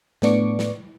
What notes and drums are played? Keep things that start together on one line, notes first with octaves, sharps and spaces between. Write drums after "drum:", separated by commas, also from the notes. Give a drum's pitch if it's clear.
A2 B3 D4 C#6 D6, drum: snare
drum: snare